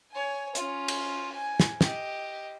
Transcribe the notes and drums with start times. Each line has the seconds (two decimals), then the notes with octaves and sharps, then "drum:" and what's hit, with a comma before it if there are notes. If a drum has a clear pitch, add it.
0.11 C#5 G#5
0.55 C#4 F4, drum: hi-hat
0.88 drum: cymbal
1.32 G#5
1.60 drum: snare
1.81 G4 D#5, drum: snare